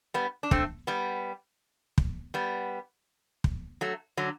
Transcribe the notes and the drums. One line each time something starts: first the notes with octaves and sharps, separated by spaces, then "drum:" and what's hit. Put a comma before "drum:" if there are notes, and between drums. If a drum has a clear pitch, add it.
G3 B3
D4
A3 C4, drum: kick
G3 B3
drum: kick
G3 B3
drum: kick
F#3 A3
D3 F#3